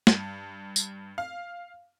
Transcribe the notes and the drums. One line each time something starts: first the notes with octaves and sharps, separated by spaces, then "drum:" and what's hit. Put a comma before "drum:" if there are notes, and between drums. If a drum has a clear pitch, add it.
G2, drum: snare
drum: tambourine
F5